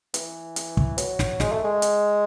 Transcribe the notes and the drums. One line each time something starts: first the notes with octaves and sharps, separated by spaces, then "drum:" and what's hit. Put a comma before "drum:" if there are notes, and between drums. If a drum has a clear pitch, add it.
E3, drum: hi-hat
drum: hi-hat
drum: kick
F#3, drum: hi-hat
drum: snare
G#3, drum: snare
A3
G#3
drum: hi-hat